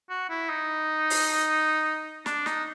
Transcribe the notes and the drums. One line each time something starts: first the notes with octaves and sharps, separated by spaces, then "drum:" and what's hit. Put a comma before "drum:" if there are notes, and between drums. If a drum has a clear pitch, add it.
F#4
E4
D#4
drum: open hi-hat
D4, drum: snare
D#4, drum: snare